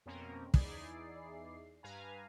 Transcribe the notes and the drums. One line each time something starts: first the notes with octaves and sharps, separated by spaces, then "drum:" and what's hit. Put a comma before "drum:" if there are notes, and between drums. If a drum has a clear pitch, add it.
F2 B2 A#3 C4 C#4 A#4
E2 D#4 E4 G#4 D5 C7, drum: kick
G2 B4 F5 G#5 A#5